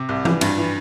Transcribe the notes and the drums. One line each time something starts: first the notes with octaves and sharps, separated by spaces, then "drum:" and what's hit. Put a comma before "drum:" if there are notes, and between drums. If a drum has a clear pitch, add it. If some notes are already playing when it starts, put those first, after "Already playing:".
Already playing: C3
C2
E3, drum: tom
G2, drum: cymbal
E3